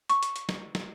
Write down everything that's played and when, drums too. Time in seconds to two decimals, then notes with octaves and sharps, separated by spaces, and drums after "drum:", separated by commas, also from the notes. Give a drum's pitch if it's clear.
0.10 C#6, drum: hi-hat
0.23 drum: hi-hat
0.36 drum: hi-hat
0.49 drum: snare
0.75 drum: snare